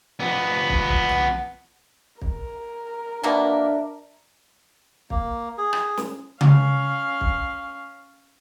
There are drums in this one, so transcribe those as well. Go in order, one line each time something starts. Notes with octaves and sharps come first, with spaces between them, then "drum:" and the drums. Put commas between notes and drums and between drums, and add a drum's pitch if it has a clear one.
F3 B3
drum: kick
drum: kick
drum: tom
A#4, drum: kick
B2 A#3 D4 E5
A#3, drum: kick
G#4
drum: rim click
drum: snare
C#4 F5, drum: tom C#3
drum: kick